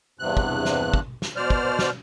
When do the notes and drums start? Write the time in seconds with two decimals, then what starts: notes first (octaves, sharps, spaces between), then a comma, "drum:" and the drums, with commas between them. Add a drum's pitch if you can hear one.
0.19 E2 G2 C3 F#6
0.37 drum: kick
0.65 drum: snare
0.94 drum: kick
1.22 drum: snare
1.36 B2 C5 D5 F6
1.50 drum: kick
1.79 drum: snare